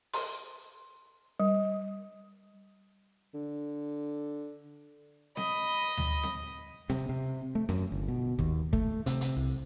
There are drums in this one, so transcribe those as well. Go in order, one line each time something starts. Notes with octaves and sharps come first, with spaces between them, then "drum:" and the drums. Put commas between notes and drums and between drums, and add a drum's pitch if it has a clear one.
C6, drum: open hi-hat
G3
D3
D#5 B5, drum: snare C4
drum: tom D2
drum: snare C4
C3, drum: snare C4
C3
A3
F#2, drum: snare C4
G1
B2
D#2, drum: kick
A3, drum: kick
C3, drum: hi-hat
drum: hi-hat
C2